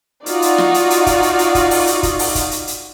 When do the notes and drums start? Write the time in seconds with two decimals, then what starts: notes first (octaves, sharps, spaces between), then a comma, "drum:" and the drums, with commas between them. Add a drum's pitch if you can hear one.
0.26 D#4 F4 F#4 D5, drum: hi-hat
0.42 drum: hi-hat
0.58 drum: snare
0.74 drum: hi-hat
0.90 drum: hi-hat
1.06 drum: kick, hi-hat
1.23 drum: hi-hat
1.39 drum: hi-hat
1.55 drum: kick, hi-hat
1.71 drum: open hi-hat
1.87 drum: hi-hat
2.03 drum: kick, hi-hat
2.19 drum: open hi-hat
2.35 drum: kick, hi-hat
2.51 drum: hi-hat
2.67 drum: hi-hat